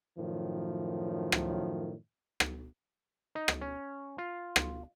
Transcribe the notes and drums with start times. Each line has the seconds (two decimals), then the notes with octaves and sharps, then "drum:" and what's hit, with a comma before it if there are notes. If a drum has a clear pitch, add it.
0.17 F#2 A2 D#3 F3
1.32 drum: rim click
2.40 drum: rim click
3.35 D#4
3.48 drum: rim click
3.61 C#4
4.18 F4
4.56 drum: rim click